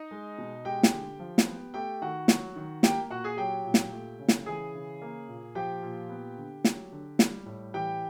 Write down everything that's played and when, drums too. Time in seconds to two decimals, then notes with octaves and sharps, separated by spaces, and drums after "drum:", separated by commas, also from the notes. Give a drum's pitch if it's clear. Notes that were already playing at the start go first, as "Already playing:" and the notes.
Already playing: D#4 D#5
0.11 G#3
0.38 B2
0.65 G#3 G4 G5
0.83 drum: snare
0.93 D3
1.19 F3
1.38 drum: snare
1.47 B3
1.74 A3 G4 G5
2.01 D#3 F#4 F#5
2.28 F#3, drum: snare
2.56 D#3
2.83 A#3 G4 G5, drum: snare
3.10 A#2 F#4 F#5
3.24 G#4 G#5
3.37 F#3 G4 G5
3.64 A#2
3.74 drum: snare
3.92 A3
4.19 C#3
4.28 drum: snare
4.46 E3 G#4 G#5
4.74 C#3
5.02 A#3
5.28 A#2
5.55 F3 G4 G5
5.82 A#2
6.10 B3
6.37 D3
6.64 F#3, drum: snare
6.92 D3
7.19 G3, drum: snare
7.46 A2
7.74 E3 G4 G5